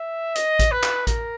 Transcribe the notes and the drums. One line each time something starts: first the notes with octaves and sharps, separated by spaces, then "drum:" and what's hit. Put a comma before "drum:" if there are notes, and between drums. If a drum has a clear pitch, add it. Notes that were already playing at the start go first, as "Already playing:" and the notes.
Already playing: E5
D#5, drum: hi-hat
drum: kick A1, hi-hat
B4
drum: clap
A#4, drum: kick A1, hi-hat